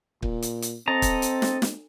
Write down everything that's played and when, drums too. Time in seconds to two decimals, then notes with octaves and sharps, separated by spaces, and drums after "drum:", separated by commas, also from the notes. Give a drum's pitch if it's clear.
0.23 A#2, drum: kick
0.42 drum: hi-hat
0.62 drum: hi-hat
0.88 C4 A4 D#5 A#5
1.02 drum: kick, hi-hat
1.22 drum: hi-hat
1.42 drum: snare
1.62 drum: snare